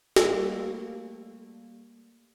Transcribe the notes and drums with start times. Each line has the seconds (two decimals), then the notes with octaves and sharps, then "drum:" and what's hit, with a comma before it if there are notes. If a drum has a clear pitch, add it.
0.16 G3 A3 A#3, drum: snare